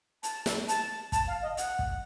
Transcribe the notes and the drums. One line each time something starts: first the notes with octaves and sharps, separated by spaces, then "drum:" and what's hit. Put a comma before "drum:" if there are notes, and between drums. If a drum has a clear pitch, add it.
A5, drum: hi-hat
drum: snare
A5, drum: hi-hat
A5, drum: kick, hi-hat
F5
D#5
F#5, drum: hi-hat
drum: kick